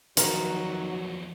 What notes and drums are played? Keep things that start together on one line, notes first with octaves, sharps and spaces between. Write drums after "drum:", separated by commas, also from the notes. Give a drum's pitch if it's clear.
E2 D#3 F3 F#3 F#4 A#4 A#5, drum: hi-hat